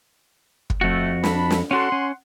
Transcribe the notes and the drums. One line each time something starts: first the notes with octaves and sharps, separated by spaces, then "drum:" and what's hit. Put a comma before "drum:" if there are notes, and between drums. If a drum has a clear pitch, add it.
drum: kick
F2 A3 F#4
D4 B5, drum: snare
drum: snare
C#4 F#4 A4 F#5 C6
C#4